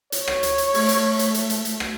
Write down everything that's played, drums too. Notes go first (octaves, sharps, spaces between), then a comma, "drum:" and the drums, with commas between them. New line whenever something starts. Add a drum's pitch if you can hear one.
C#5, drum: hi-hat
drum: rim click
drum: hi-hat
drum: hi-hat
A3, drum: open hi-hat
drum: hi-hat
drum: hi-hat
drum: hi-hat
drum: hi-hat
drum: hi-hat
drum: rim click